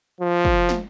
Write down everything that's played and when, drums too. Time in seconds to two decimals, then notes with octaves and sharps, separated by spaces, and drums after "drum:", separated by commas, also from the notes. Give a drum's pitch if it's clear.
0.21 F3
0.45 drum: kick
0.69 drum: snare